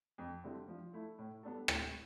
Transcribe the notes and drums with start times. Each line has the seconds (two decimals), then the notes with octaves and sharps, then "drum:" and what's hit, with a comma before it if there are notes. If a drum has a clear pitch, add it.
0.18 F2
0.44 D3 G3 C4 E4
0.68 F3
0.93 A3 E4
1.18 A2
1.43 G3 B3 D4 A4
1.68 A2, drum: rim click